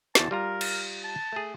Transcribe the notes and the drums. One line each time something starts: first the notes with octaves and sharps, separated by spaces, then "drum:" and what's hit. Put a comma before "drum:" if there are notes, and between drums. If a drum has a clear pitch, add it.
E2 F#4 A5, drum: snare
G3 F4 A#4 A#5
drum: cymbal
A5
A3 G#4